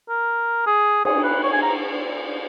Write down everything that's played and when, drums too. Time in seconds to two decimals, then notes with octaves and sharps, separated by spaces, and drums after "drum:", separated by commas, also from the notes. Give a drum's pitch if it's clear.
0.09 A#4
0.66 G#4
1.05 G#4, drum: cymbal
1.24 B4
1.43 C#5
1.53 G#5
1.62 A#5